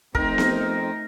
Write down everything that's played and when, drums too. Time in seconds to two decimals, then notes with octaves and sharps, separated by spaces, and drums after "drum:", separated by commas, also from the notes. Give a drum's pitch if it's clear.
0.15 F2 A3 C4 D#4 A#4, drum: kick
0.38 drum: snare B3